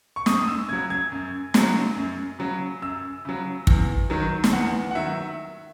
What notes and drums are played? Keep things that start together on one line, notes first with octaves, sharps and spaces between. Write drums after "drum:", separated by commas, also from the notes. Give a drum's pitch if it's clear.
C#6
F#2 D#6, drum: snare
D#6
E6
C#3 F#3 G#6
G#6
F#2
C#3 F#3, drum: snare
F#2
C#3 F#3
F#2 E6
C#3 F#3
E2, drum: kick
D#3 F#3
drum: snare
E2 F#5
F#5
D#3 F#3 E5